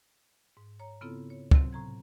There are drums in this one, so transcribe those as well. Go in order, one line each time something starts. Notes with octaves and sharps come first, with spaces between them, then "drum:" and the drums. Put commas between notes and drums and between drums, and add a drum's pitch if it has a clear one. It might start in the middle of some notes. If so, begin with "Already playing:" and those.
G#2
C#5 A#5
C#3 B3 C4 E4 F4 A4
C#5
C3 F#3 C4, drum: kick
A2 A#5 G#6